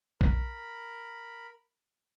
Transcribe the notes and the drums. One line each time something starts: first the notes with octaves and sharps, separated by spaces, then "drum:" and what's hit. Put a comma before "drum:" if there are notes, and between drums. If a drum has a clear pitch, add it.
A#4 B5, drum: kick B1